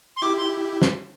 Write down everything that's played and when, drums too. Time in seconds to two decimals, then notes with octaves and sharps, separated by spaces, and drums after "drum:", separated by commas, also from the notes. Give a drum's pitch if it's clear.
0.16 C6
0.22 E4 G4 D6
0.37 C6
0.82 drum: snare